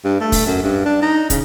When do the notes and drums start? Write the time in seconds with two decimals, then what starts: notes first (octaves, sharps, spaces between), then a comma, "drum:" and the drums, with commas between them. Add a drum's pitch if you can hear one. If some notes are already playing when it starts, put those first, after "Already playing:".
0.05 G2
0.21 A3
0.32 drum: kick, open hi-hat
0.46 F#2
0.62 G2
0.85 D4
1.02 D#4
1.30 C#3, drum: kick, hi-hat